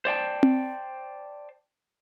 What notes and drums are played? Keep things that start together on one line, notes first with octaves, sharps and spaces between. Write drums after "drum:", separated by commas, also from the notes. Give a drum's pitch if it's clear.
C5 D5 G5 A5
drum: tom C4